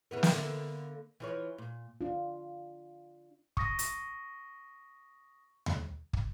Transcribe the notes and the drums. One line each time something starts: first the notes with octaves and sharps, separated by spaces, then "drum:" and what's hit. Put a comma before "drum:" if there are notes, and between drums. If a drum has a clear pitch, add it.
C#3 E3 B3
drum: snare
D3 A#3 B3
E3 F3 C#5
A#2
D4 F4
C#6 D#6 A#6, drum: kick
drum: hi-hat
drum: tom D#2
drum: kick